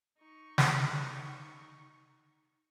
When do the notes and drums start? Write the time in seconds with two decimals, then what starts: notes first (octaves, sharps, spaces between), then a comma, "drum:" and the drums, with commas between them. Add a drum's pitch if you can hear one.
0.20 D#4 C#6
0.58 drum: snare